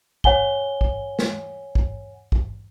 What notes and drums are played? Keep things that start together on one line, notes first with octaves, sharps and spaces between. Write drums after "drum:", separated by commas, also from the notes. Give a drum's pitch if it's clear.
C#5 F#5 G#5 G7, drum: kick A1
drum: kick A1
drum: snare
drum: kick A1
drum: kick A1